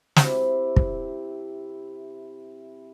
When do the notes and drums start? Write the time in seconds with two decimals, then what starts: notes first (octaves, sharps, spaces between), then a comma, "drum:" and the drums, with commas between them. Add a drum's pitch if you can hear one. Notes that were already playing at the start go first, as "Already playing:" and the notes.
0.16 C3 E4, drum: snare
0.76 drum: kick